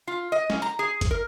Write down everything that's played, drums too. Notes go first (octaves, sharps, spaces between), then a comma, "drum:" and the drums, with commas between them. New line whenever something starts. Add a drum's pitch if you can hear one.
F4
D#5
C#4, drum: snare
A#5
G#4
drum: kick, hi-hat
A#4